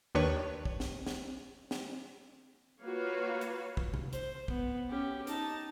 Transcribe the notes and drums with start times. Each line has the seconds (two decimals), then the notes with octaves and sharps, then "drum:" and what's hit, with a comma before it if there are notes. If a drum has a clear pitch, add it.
0.15 D#2 D#3 D4 B4 C#5 C#6
0.65 drum: kick
0.80 drum: snare
1.06 drum: snare
1.71 drum: snare
2.83 A#3 F4 F#4 B4 C#5 F5
3.41 drum: hi-hat
3.77 drum: kick
3.94 drum: tom C3
4.13 C5, drum: hi-hat
4.48 B3, drum: kick
4.90 C#4 G4
5.27 D#4 A5, drum: hi-hat